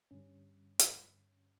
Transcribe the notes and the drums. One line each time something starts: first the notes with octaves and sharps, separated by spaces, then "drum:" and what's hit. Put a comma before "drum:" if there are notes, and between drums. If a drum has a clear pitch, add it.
G2 D3 G3 C#4
drum: hi-hat